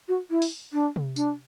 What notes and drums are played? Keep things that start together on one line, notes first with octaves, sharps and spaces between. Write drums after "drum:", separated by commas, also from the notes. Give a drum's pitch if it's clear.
F#4
E4
drum: open hi-hat
D4
drum: tom C3
D4, drum: tambourine